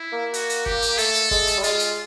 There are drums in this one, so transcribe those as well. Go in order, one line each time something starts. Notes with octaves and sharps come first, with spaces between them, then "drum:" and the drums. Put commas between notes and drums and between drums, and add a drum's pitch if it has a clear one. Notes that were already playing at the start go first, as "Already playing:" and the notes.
Already playing: E4
A#3
F#4, drum: hi-hat
drum: hi-hat
G4, drum: kick
drum: hi-hat
A3 A4, drum: hi-hat
drum: hi-hat
G#3, drum: kick, open hi-hat
drum: hi-hat
G3
G#3 F4, drum: hi-hat
drum: hi-hat